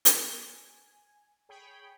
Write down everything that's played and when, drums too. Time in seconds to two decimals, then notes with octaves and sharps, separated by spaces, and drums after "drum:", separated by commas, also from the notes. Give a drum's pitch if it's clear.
0.05 G#5, drum: hi-hat
1.49 G#4 C#5 G5 B5